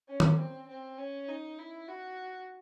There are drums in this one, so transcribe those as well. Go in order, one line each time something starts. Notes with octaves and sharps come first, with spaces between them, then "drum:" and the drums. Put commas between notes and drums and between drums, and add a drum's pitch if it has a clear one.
C#4
drum: tom D#3
C4
C4
C#4
D#4
E4
F#4